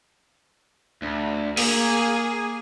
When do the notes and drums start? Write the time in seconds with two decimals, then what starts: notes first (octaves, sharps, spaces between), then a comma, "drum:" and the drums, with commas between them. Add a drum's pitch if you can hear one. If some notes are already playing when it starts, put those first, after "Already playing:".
1.02 D2
1.57 A#3 G#4, drum: open hi-hat